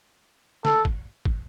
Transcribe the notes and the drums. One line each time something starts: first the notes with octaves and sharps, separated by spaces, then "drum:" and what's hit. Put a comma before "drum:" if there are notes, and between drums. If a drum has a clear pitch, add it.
A4, drum: snare
drum: kick
drum: kick